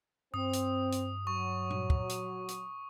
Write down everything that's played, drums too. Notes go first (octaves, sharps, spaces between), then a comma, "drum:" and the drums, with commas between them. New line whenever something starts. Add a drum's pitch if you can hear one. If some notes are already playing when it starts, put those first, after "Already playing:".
G2 C4 D#6
drum: hi-hat
drum: hi-hat
F#3 C#6
drum: tom A#2
drum: kick
drum: hi-hat
drum: hi-hat